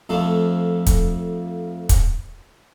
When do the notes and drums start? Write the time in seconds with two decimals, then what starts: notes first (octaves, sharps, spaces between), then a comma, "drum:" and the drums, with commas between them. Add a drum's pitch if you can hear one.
0.09 F2 F3 A3
0.86 drum: kick, hi-hat
1.89 drum: kick, hi-hat